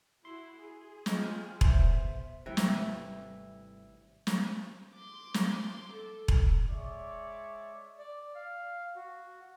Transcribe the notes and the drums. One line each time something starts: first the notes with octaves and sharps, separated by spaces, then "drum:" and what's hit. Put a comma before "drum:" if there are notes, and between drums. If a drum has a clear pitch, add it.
E4 F#4 C6
G#4
G#3 C4 F4, drum: snare
B3 C5 E5, drum: kick E1
G#1 C3 E3 G3 A3
drum: snare
drum: snare
C6 D6
drum: snare
A4
drum: kick E1
G#3 C#5 D5 E5
D5
F5
F#4